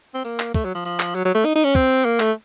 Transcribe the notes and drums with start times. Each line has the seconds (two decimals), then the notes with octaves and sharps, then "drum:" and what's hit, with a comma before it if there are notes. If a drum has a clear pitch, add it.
0.14 C4
0.25 A#3, drum: tambourine
0.40 drum: clap
0.54 A3, drum: kick, tambourine
0.65 F#3
0.75 F3
0.85 F3, drum: tambourine
1.00 drum: clap
1.15 F#3, drum: tambourine
1.25 F#3
1.34 A3
1.45 D#4, drum: tambourine
1.55 D#4
1.65 C#4
1.75 C4, drum: kick, tambourine
1.90 drum: tambourine
2.05 A#3, drum: tambourine
2.20 A3, drum: clap